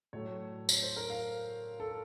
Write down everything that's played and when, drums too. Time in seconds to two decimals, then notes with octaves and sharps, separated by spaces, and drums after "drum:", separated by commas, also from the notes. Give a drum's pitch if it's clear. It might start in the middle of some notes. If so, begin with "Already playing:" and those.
0.13 A2 F#3 A3 C#5
0.69 C#5, drum: tambourine
0.82 C5
0.96 A#4
1.10 F5
1.80 A4